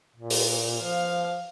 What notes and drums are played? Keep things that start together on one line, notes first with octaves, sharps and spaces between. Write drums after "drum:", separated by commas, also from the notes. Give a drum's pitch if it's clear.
A#2
drum: open hi-hat
F3 F5